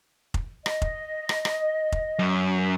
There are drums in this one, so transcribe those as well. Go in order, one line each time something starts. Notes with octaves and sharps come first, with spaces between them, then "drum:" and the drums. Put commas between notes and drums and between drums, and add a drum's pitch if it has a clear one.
drum: kick F1
D#5, drum: rim click
drum: kick F1
drum: rim click
drum: rim click
drum: kick F1
F#2